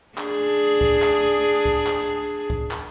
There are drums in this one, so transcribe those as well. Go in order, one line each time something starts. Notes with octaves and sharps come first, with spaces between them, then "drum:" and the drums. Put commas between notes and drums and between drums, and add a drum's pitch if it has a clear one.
D4 G#4, drum: clap
drum: kick C2
drum: clap
drum: kick C2
drum: clap
drum: kick C2
drum: clap